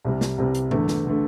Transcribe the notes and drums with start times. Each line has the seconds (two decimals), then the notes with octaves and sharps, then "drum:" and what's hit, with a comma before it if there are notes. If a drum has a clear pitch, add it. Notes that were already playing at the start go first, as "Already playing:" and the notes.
0.05 C2 C3 G3
0.21 drum: snare
0.38 C2 C3 G3
0.54 drum: hi-hat
0.71 E2 D3 A3, drum: tom G#2
0.88 drum: snare
1.07 D3 A3